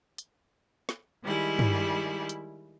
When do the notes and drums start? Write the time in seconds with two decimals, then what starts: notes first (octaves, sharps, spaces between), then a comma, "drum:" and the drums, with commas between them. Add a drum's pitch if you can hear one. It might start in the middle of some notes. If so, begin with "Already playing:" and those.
0.18 drum: hi-hat
0.89 drum: snare
1.24 D#3 G3 G#3 E4
1.59 drum: tom G2
2.29 drum: hi-hat